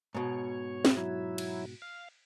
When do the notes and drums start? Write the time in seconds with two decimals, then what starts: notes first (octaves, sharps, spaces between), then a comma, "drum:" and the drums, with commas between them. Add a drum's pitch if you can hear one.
0.15 G#2 B2 C#5
0.85 drum: snare
0.97 F#3 E4
1.38 drum: cymbal
1.82 F5